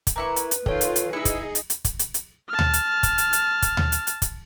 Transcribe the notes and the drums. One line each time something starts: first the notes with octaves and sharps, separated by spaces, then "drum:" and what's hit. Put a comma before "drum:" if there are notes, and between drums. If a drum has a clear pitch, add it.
drum: kick, hi-hat
A#3 E4 B4 C#6
drum: hi-hat
drum: hi-hat
D#3 F4 A4 C#5 G5, drum: kick
drum: hi-hat
drum: hi-hat
D#4 E4 G#4 D#5 E5 C#7
drum: kick, hi-hat
drum: hi-hat
drum: hi-hat
drum: kick, hi-hat
drum: hi-hat
drum: hi-hat
A5 F6
drum: tom D2
drum: hi-hat
drum: kick, hi-hat
drum: hi-hat
drum: hi-hat
drum: kick, hi-hat
drum: tom D2
drum: hi-hat
drum: hi-hat
drum: kick, hi-hat